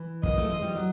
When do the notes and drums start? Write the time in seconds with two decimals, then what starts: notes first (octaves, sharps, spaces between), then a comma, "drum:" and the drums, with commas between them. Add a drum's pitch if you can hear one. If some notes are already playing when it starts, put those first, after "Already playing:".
Already playing: E3
0.23 A#3 D#5, drum: kick
0.38 A3
0.50 G#3
0.62 G3
0.75 F#3